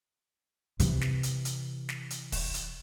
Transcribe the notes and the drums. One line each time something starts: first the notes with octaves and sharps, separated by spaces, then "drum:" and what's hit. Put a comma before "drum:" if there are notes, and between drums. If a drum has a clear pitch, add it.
C3 E3, drum: hi-hat
drum: snare
drum: hi-hat
drum: hi-hat
drum: snare
drum: hi-hat
drum: kick, open hi-hat
drum: hi-hat